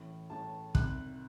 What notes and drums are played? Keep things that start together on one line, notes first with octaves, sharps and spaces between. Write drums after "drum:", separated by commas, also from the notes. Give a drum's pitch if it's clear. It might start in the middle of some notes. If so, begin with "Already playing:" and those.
Already playing: A1 A2 E3
A1 A2 E3 A5
C2 C3 D#3 F#6, drum: kick